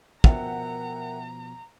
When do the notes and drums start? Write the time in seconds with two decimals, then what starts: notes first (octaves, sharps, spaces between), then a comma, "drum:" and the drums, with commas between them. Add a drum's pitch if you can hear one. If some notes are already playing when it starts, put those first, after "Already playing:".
0.24 B2 F3 B3 A#4 E5 F#5 G5 A#5, drum: kick